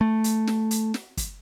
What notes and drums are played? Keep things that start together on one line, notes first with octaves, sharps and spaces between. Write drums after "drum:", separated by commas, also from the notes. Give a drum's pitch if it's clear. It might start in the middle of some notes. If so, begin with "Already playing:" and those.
A3
drum: hi-hat
drum: snare
drum: hi-hat
drum: snare
drum: kick, hi-hat